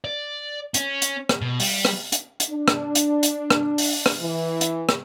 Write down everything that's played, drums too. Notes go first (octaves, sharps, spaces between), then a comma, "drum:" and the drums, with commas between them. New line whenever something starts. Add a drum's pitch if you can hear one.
D5
C#4, drum: hi-hat
drum: hi-hat
drum: rim click
B2
G3, drum: open hi-hat
drum: rim click
drum: hi-hat
drum: hi-hat
D4
drum: rim click
drum: hi-hat
drum: hi-hat
drum: rim click
drum: open hi-hat
drum: rim click
E3
drum: hi-hat
drum: rim click